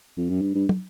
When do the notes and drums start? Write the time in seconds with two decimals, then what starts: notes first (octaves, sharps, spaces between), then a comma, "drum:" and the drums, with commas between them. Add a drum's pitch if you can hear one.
0.17 F2
0.29 F#2
0.42 G2
0.55 G2
0.69 drum: tom